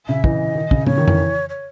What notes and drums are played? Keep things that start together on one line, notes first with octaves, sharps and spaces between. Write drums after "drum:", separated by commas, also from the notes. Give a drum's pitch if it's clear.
C#3 E5
E3 D#5, drum: kick
D#3
C#3, drum: kick
C#3 C#5, drum: tom
D#3
E3, drum: tom F2
C#5